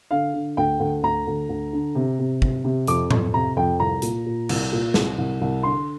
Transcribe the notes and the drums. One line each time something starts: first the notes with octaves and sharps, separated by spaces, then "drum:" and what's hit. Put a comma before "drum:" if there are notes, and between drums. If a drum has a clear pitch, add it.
D3 F5
D3
D2 G5
D2
D2 A#5
D2
D2
D3
C3
C3
C3, drum: kick
C3
F2 D6, drum: hi-hat
F2, drum: tom A2
C3 A#5
F2 G5
C2 A#5
A#2, drum: hi-hat
A#2
C2, drum: cymbal
A#2
C2, drum: snare
C2
C2
D3 C6